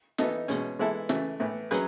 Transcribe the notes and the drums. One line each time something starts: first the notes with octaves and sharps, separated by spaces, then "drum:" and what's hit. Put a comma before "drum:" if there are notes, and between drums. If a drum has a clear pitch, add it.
E3 B3 D#4 A4 D#5, drum: snare
B2 G#3 C#4, drum: hi-hat
E3 G#3 B3 E4 A4
C#3 E3 A3, drum: snare
A2 E3 B3
F#3 C#4 G#4 B4, drum: hi-hat